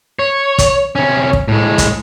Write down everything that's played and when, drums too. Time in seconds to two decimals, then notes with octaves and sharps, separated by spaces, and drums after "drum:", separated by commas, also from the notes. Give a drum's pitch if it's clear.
0.19 C#5
0.58 drum: kick, hi-hat
0.96 C3 C#4
1.33 drum: kick
1.48 A2 G#3
1.78 drum: kick, hi-hat